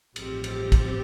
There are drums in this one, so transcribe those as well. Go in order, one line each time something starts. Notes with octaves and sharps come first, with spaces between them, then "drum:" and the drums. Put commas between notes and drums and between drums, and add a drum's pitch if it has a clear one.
A1 G2 F3 C4 G4, drum: cymbal
drum: cymbal
drum: kick, cymbal